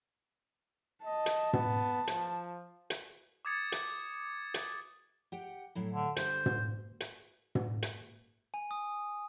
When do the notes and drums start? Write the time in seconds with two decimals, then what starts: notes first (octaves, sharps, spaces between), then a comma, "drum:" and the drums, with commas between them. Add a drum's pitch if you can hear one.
1.05 D#5 A5
1.26 drum: hi-hat
1.53 B3, drum: tom
2.07 F3, drum: hi-hat
2.90 drum: hi-hat
3.45 D6 D#6 G#6 A6 C#7
3.72 drum: hi-hat
4.54 drum: hi-hat
5.32 G4 F#5 G5
5.75 A2 F#3 E4
5.94 D3
6.16 D3 G3 G4 C5, drum: hi-hat
6.46 drum: tom
7.00 drum: hi-hat
7.55 drum: tom
7.83 drum: hi-hat
8.54 G#5
8.71 D#6